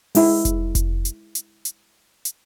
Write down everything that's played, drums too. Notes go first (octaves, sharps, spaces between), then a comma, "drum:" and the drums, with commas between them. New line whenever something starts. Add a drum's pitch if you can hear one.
G#3 E4, drum: open hi-hat
drum: kick F1, hi-hat
drum: kick F1, hi-hat
drum: hi-hat
drum: hi-hat
drum: hi-hat
drum: hi-hat